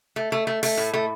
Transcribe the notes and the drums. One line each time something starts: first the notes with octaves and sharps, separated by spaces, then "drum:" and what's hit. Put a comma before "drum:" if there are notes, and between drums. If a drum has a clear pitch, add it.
A3
A3
A3
A3, drum: open hi-hat
A2
A3